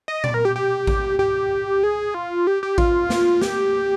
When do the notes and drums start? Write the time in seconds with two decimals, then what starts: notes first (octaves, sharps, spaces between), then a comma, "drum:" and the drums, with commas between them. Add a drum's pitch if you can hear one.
0.08 D#5
0.24 D5, drum: tom A#2
0.34 A#4
0.45 G4
0.56 G4
0.87 drum: kick A1
1.19 G4
1.83 G#4
2.14 F4
2.47 G4
2.63 G4
2.78 F4, drum: kick A1
3.10 drum: snare
3.41 G4, drum: snare